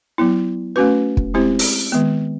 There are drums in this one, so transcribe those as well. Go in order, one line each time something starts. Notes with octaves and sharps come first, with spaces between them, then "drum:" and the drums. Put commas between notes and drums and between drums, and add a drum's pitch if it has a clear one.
F#3 B3 E4
A3 C#4 F#4 B4
drum: kick
G#3 C4 E4 G4 C5
drum: open hi-hat
D#3 G#3 B3